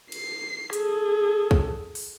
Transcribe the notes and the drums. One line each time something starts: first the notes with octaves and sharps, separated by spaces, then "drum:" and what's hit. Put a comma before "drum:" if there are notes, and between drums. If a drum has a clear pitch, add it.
C7, drum: cymbal
G#4 A4, drum: hi-hat
drum: kick
drum: open hi-hat